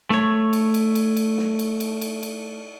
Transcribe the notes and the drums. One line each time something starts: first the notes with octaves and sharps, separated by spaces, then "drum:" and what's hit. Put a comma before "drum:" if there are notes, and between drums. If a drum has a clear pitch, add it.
A3 C#5, drum: snare
drum: cymbal
drum: cymbal
drum: cymbal
drum: cymbal
drum: snare
drum: cymbal
drum: cymbal
drum: cymbal
drum: cymbal